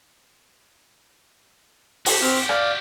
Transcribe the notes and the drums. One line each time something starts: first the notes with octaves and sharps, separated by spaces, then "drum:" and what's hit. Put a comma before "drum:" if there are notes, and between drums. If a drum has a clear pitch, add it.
F#4 G4, drum: open hi-hat
C4 F6
D5 F5, drum: rim click